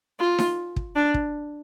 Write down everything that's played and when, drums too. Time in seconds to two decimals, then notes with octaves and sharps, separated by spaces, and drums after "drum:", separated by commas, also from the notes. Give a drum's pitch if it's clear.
0.19 F4
0.38 drum: snare D#4
0.76 drum: kick
0.96 D4
1.14 drum: kick